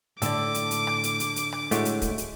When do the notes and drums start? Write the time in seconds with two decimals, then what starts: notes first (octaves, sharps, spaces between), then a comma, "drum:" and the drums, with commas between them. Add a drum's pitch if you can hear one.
0.22 A2 D3 A4 D5 D6, drum: hi-hat
0.54 drum: hi-hat
0.71 drum: hi-hat
0.87 drum: rim click
1.03 drum: hi-hat
1.20 drum: hi-hat
1.36 drum: hi-hat
1.52 drum: rim click
1.71 A2 G#3 A3 F#4, drum: hi-hat
1.85 drum: hi-hat
2.02 drum: kick, hi-hat
2.18 drum: hi-hat